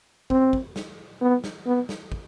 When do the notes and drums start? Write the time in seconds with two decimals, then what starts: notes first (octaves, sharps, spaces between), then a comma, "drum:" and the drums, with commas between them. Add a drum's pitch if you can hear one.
0.30 C4, drum: kick
0.53 drum: kick
0.76 drum: snare
1.21 B3
1.44 drum: snare
1.67 B3
1.89 drum: snare
2.12 drum: kick